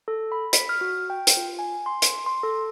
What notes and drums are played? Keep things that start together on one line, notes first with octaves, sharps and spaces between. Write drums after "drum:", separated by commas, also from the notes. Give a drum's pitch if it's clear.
A4
B5
B6, drum: hi-hat
F6
F#4
G5
drum: hi-hat
F4
G#5
C6
C6, drum: hi-hat
C6
A4